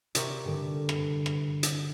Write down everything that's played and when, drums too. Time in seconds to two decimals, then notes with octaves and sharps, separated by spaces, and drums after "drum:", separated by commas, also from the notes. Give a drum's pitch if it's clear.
0.15 C3 A#4 D5 A#5 C#6 C#7, drum: hi-hat
0.45 G2 D3
0.89 drum: rim click
1.26 drum: rim click
1.63 drum: hi-hat